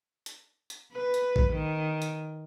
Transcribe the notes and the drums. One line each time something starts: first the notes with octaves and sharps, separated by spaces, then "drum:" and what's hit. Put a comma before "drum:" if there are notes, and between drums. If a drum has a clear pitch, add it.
drum: hi-hat
drum: hi-hat
B4
drum: hi-hat
drum: kick A#1
D#3
drum: hi-hat